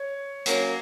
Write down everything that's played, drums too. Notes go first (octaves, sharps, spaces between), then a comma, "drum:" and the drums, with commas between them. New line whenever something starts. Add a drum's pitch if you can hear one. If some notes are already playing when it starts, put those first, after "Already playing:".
Already playing: C#5
F#3 A#3 C#4, drum: hi-hat